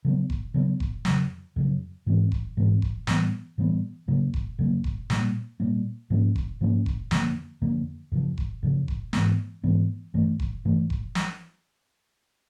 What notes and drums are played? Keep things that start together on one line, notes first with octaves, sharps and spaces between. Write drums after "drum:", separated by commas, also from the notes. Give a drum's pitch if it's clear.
C#3 F#3 B3
drum: kick F1
C#3 F#3 B3
drum: kick F1
F2 C#3 F#3, drum: snare
F2 C#3 F#3
G#2 E3 G#3 C4
drum: kick F1
G#2 E3 G#3 C4
drum: kick F1
A2 E3 G3 B3, drum: snare
A2 E3 G3 B3
F2 C#3 F#3 A#3
drum: kick F1
F2 C#3 F#3 A#3
drum: kick F1
A#2 G3 A#3, drum: snare
A#2 G3 A#3
G#2 F3 A#3 C#4
drum: kick F1
G#2 F3 A#3 C#4
drum: kick F1
F2 D3 F3 A#3, drum: snare
F2 D3 F3 A#3
F2 C#3 F3
drum: kick F1
F2 C#3 F3
drum: kick F1
G#2 E3 G#3 B3, drum: snare
G#2 E3 G#3 B3
G2 E3 A3
drum: kick F1
G2 E3 A3
drum: kick F1
drum: snare